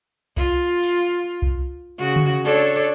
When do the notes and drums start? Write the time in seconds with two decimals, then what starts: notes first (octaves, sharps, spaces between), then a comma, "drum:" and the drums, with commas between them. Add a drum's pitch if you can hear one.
0.37 F4, drum: kick C2
0.83 drum: open hi-hat
1.42 drum: kick C2
1.98 C#3 F#4
2.16 drum: tom C#3
2.44 D4 A4 C#5